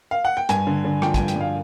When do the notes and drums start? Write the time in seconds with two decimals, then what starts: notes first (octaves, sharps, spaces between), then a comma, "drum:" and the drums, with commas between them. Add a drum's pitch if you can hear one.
0.11 F5
0.25 F#5
0.37 G5
0.49 G2 G#5, drum: hi-hat
0.67 D3
0.84 D3
1.02 F3 G5, drum: rim click
1.14 G#5, drum: kick, hi-hat
1.19 G2
1.28 G5, drum: hi-hat
1.36 G2 F5